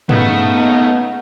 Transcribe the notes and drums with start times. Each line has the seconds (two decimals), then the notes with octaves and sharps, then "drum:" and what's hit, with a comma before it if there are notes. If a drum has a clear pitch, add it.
0.09 C#3 A3 B3 D#4 F#5, drum: tom